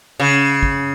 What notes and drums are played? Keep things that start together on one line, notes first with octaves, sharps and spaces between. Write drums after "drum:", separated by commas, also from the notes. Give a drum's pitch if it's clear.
C#3
drum: kick